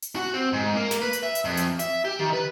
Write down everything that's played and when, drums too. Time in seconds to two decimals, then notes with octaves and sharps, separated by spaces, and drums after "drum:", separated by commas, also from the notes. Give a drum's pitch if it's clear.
0.02 drum: hi-hat
0.16 F#4
0.34 C4
0.53 G#2
0.76 A#3
0.91 drum: snare
1.02 B4
1.13 drum: hi-hat
1.23 E5
1.35 drum: hi-hat
1.45 F2
1.57 drum: hi-hat
1.79 E5, drum: hi-hat
2.05 G4
2.19 D#3
2.33 B4